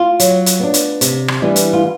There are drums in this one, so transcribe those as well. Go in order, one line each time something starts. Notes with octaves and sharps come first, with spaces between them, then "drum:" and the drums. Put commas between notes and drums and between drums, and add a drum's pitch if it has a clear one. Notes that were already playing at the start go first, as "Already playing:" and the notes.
Already playing: F4
F#3, drum: hi-hat
drum: hi-hat
B3 D4
drum: hi-hat
C3, drum: hi-hat
drum: rim click
E3 G3 B3 D4
drum: hi-hat
F4